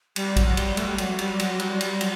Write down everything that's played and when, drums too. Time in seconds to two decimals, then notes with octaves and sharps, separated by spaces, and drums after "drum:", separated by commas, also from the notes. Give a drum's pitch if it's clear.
0.16 G3, drum: cymbal
0.36 F#3, drum: kick, cymbal
0.57 G3, drum: cymbal
0.77 A3, drum: cymbal
0.88 G3
0.98 F#3, drum: cymbal
1.19 G3, drum: cymbal
1.39 F#3, drum: cymbal
1.59 G3, drum: cymbal
1.81 G3, drum: cymbal
2.01 F#3, drum: cymbal